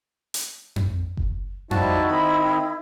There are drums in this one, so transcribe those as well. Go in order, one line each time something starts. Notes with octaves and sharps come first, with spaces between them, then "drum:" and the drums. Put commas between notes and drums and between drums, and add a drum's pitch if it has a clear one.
drum: hi-hat
drum: tom F2
drum: kick F#1
F3 G3 D#4 E4 F#4 A5, drum: tom F2
D#3 C4 D#5 B5